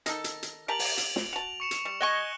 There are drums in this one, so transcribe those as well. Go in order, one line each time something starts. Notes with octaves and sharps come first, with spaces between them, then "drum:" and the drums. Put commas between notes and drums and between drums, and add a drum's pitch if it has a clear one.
D#3 D#4 A4 A#6, drum: hi-hat
drum: hi-hat
drum: hi-hat
G4 A#4 A5 D7 F7 F#7
drum: open hi-hat
drum: hi-hat
drum: snare
F#4 A5 F7
C#6 C#7 E7
drum: hi-hat
G3
D#5 G#5 C#6 F#6 G7